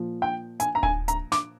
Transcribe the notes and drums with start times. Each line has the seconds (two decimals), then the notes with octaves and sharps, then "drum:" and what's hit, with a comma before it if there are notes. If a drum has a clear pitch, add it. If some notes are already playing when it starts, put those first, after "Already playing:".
Already playing: A#2 F3
0.22 G5
0.60 G#5, drum: hi-hat
0.75 A#5
0.83 G#5, drum: kick D1
1.08 A#5, drum: hi-hat
1.32 D6, drum: snare